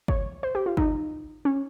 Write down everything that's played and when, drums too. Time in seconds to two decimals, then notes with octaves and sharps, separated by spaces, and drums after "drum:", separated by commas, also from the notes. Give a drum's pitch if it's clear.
0.08 C#5, drum: kick G1
0.43 C5
0.55 G4
0.66 F4
0.77 D#4, drum: kick G1
1.45 C#4